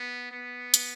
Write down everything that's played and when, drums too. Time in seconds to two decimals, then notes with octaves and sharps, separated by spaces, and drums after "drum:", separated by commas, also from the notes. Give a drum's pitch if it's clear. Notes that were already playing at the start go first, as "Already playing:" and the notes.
Already playing: B3
0.32 B3
0.74 drum: hi-hat